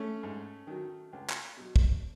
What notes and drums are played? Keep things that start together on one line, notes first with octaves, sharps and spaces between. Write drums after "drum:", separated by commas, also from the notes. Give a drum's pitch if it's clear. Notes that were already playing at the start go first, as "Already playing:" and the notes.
Already playing: A3 C#4
G#2
D#3 F#3
C#2
drum: clap
B2 F#3
drum: kick